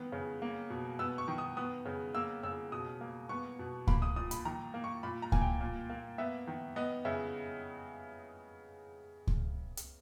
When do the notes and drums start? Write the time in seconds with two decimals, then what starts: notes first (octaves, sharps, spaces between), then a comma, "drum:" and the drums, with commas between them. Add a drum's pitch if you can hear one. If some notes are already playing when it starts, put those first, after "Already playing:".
Already playing: D#3 B3
0.12 C#3
0.42 A#3
0.70 B2
0.99 B3 E6
1.18 C#6
1.28 D#3
1.38 D#6
1.57 B3 D#6
1.85 C#3
2.15 A#3 E6
2.43 C#3 E6
2.72 B2 D#6
3.01 A#3
3.29 B3 C#6
3.59 B2
3.87 A#3 B5, drum: kick C#2
4.02 D#6
4.16 A#2 D#6
4.31 B5, drum: hi-hat
4.45 D#3 A#5
4.74 A#3
4.84 C#6
5.03 A#2 B5
5.22 A#5
5.32 A#3 G#5, drum: kick C#2
5.41 G5
5.61 A#2
5.90 A#3
6.18 B3 E5
6.47 D#3
6.76 B3 D#5
7.05 C#3 E5
9.27 drum: kick C#2
9.77 drum: hi-hat